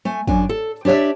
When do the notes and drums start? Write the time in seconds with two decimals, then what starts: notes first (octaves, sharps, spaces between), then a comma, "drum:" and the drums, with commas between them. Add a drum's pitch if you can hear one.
0.05 A3 G#5
0.27 F#2 D4 G#5, drum: kick
0.49 A4
0.85 D4 G4 C#5 D5 E5